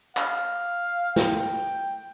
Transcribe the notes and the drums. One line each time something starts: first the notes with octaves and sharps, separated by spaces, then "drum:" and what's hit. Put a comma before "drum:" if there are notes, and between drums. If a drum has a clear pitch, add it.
F5, drum: clap
G5, drum: snare